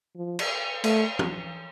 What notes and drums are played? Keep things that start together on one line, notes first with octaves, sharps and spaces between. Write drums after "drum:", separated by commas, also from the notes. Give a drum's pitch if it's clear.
F3
drum: cymbal
A3, drum: cymbal
drum: tom